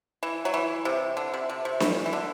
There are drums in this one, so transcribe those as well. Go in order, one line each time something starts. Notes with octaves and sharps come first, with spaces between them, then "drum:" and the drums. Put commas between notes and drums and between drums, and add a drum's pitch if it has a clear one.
E3
F#3
E3
C3
D3
C3
C3
C3
E3, drum: snare D4
E3
D3